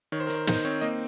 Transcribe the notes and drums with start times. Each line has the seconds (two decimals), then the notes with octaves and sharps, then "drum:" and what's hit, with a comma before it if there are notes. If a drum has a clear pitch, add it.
0.12 D#3 C#5
0.20 C5
0.27 A#4
0.30 D#3, drum: hi-hat
0.35 C5
0.47 D#4 C5, drum: snare
0.65 C4 C#5, drum: hi-hat
0.81 A#3 D#5